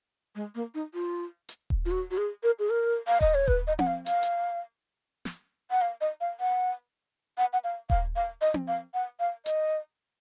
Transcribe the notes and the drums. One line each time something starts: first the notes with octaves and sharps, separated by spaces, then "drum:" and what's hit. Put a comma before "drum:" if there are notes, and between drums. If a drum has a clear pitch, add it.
G#3
A#3
D#4
F4
drum: hi-hat
drum: kick D#1
F4
F#4
F#4
G#4
A#4
G#4
A#4
F5
D#5, drum: kick D#1
C#5
B4, drum: kick D#1
D#5
F#5, drum: tom C4
F5
F5, drum: hi-hat
drum: hi-hat
drum: snare
F#5
F5
D#5
F5
F#5
F#5
F#5
F5
F5, drum: kick D#1
F5
D#5
drum: tom C4
F5
F#5
F5
D#5, drum: hi-hat